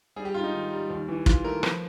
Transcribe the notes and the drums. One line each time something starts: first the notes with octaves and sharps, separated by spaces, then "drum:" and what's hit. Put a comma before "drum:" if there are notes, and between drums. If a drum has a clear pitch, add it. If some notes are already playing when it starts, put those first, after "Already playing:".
G3 G#4
G4
G#2 F4
D#4
D#3
G3
D#2
E3
E3 F4, drum: kick
A3 A#4
F3 B4, drum: rim click